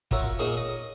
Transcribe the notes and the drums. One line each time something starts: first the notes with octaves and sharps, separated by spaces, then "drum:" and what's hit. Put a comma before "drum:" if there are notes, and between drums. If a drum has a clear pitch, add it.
F4 F#4 A#4 C#5 E5, drum: kick
A#2 A#3 D#4 G#4 C#5
D#5